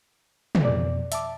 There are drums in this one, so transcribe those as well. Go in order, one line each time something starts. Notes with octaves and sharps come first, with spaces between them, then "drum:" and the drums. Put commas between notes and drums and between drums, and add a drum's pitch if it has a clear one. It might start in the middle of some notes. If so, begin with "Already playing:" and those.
drum: tom
F2 B2 D5
E5 A5 D6, drum: hi-hat